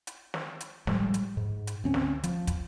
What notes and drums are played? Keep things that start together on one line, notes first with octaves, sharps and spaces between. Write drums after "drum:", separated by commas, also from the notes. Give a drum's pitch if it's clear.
drum: hi-hat
drum: snare
drum: hi-hat
A2 F3 G3 G#3, drum: snare
drum: hi-hat
G#2
drum: hi-hat
D2 C4 C#4
drum: snare
F3, drum: hi-hat
drum: kick, hi-hat